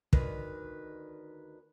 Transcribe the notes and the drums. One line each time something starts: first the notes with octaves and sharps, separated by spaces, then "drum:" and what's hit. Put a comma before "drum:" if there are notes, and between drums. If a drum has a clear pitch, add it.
D2 D#3 B4, drum: kick